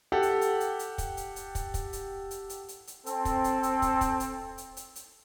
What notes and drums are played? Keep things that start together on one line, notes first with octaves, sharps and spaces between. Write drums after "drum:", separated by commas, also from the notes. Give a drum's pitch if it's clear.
G4 A4 F#5
drum: hi-hat
drum: hi-hat
drum: hi-hat
drum: hi-hat
drum: kick, hi-hat
drum: hi-hat
drum: hi-hat
drum: kick, hi-hat
drum: kick, hi-hat
drum: hi-hat
drum: hi-hat
drum: hi-hat
drum: hi-hat
drum: hi-hat
C4 A4, drum: hi-hat
drum: kick, hi-hat
drum: hi-hat
drum: hi-hat
drum: kick, hi-hat
drum: kick, hi-hat
drum: hi-hat
drum: hi-hat
drum: hi-hat
drum: hi-hat